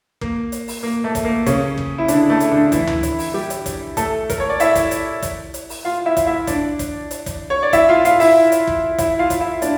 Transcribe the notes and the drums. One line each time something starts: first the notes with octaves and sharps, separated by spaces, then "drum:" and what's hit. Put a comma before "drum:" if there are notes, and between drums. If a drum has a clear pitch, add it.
A#3, drum: kick
drum: hi-hat
drum: open hi-hat
A#3
A3
drum: kick, hi-hat
A#3
C#3 C#4, drum: kick, hi-hat
drum: kick
E4
D3 D4, drum: hi-hat
A3
drum: hi-hat
D3 D4
E3 E4, drum: kick, hi-hat
drum: tom D2
drum: hi-hat
drum: open hi-hat
G3 G4
drum: hi-hat
drum: kick, hi-hat
A3 A4, drum: kick, hi-hat
A#4, drum: kick, hi-hat
C#5
D5
E4 E5, drum: hi-hat
drum: kick, hi-hat
drum: hi-hat
drum: kick, hi-hat
drum: hi-hat
drum: open hi-hat
F4 F5
E4 E5
drum: kick, hi-hat
E4 E5
D4 D5, drum: kick, hi-hat
drum: kick, hi-hat
drum: hi-hat
drum: kick, hi-hat
C#5
D5
E4 E5, drum: kick, hi-hat
F4 F5
F4 F5, drum: hi-hat
E4 E5, drum: open hi-hat
drum: hi-hat
drum: kick
E4 E5, drum: kick, hi-hat
F4 F5
drum: kick, hi-hat
E4 E5
D4 D5, drum: hi-hat